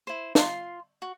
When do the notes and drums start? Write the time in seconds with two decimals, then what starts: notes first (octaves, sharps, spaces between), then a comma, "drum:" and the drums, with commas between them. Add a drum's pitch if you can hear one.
0.07 E4 C5
0.35 F4 C6, drum: snare
1.02 F#4